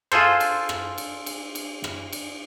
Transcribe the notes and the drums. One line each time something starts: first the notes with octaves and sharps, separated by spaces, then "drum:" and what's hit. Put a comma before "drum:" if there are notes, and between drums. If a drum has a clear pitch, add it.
F4 G#4 A4 C5, drum: rim click
drum: cymbal
drum: rim click
drum: cymbal
drum: cymbal
drum: cymbal
drum: rim click
drum: cymbal